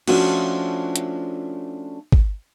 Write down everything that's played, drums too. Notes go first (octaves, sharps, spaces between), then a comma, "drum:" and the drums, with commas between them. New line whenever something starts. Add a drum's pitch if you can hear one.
F3 A3 C#4 D4 F4 F#4, drum: cymbal
drum: hi-hat
drum: kick